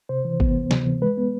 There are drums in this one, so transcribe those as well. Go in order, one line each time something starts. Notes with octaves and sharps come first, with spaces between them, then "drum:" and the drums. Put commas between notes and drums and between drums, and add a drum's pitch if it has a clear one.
C3 C5
E3
B3, drum: kick G1
D2
C3, drum: snare
E3
G#3 B4
B3